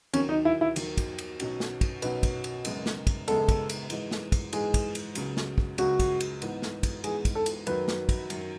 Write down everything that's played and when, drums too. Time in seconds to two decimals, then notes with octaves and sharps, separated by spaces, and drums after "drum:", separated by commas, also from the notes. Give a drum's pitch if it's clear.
0.13 D#2 D#3 F#3 C#4, drum: cymbal
0.29 D#4
0.45 E4
0.61 E4
0.76 D#2 D#3 F#3, drum: cymbal
0.97 drum: kick, cymbal
1.18 drum: cymbal
1.40 B1 B2 F#3 C#4 F#4, drum: cymbal
1.60 drum: snare
1.81 drum: kick, cymbal
2.02 B1 B2 F#3 C#4 F#4 B4, drum: cymbal
2.23 drum: kick, cymbal
2.44 drum: cymbal
2.65 F#1 F#2 C#3 G#3 B3, drum: cymbal
2.86 drum: snare
3.07 drum: kick, cymbal
3.28 F#1 F#2 C#3 G#3 B3 A4, drum: cymbal
3.49 drum: kick, cymbal
3.69 drum: cymbal
3.90 G#2 E3 G#3, drum: cymbal
4.11 drum: snare
4.32 drum: kick, cymbal
4.53 G#2 E3 G#3 G#4, drum: cymbal
4.74 drum: kick, cymbal
4.95 drum: cymbal
5.15 C#2 C#3 F#3, drum: cymbal
5.37 drum: snare
5.58 drum: kick
5.78 C#2 C#3 F#3 F#4, drum: cymbal
6.00 drum: kick, cymbal
6.20 drum: cymbal
6.42 G#2 E3 B3, drum: cymbal
6.62 drum: snare
6.83 drum: kick, cymbal
7.04 G#2 E3 B3 G#4, drum: cymbal
7.25 drum: kick, cymbal
7.35 A4
7.46 drum: cymbal
7.67 F#2 D#3 F#3 B4, drum: cymbal
7.88 drum: snare
8.09 drum: kick, cymbal
8.30 F#2 D#3 F#3, drum: cymbal